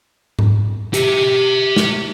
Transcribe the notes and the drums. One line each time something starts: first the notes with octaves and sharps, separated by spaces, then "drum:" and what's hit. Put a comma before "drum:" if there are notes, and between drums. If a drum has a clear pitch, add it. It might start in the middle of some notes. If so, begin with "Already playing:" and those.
drum: tom G#2
G4 E5, drum: hi-hat
drum: snare